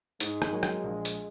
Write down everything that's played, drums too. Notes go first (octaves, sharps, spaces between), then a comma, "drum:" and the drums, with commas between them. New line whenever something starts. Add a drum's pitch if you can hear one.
G#2 G#3, drum: hi-hat
drum: rim click
F#3 A#3 F#4 C#5
drum: rim click
A#1
drum: hi-hat